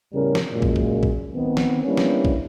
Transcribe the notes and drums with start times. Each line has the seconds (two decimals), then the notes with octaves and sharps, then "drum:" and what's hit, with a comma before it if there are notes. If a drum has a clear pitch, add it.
0.13 A1 E2 C#3 G3 C#4 A#4
0.35 drum: snare
0.52 F#2 A#2 G#3
0.62 drum: kick
0.76 drum: kick
1.03 drum: kick
1.34 D#3 B3 C4
1.57 drum: snare
1.84 G3 A#3 B3 C#4 D4 E4
1.97 drum: snare
2.25 drum: kick